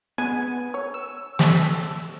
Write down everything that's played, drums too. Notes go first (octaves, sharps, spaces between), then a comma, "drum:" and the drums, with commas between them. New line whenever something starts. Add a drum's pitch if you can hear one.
G#3 B3 G#5
C#5
E6
G4 A4, drum: snare